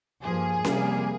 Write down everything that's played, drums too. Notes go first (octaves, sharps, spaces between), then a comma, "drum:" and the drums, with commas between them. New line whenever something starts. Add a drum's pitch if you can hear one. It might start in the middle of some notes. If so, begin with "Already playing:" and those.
G2 F3 A#3 G#4
F2 C3 G3 A#3, drum: snare C#4